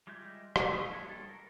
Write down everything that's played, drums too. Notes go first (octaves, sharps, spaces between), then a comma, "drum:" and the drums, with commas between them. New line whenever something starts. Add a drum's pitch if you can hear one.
G3 G#3 F4 E5 G6
E5, drum: rim click
E5 C#6 D#6 E6
G#3 A#3 D4 F4 C#5
G3 A4
A#4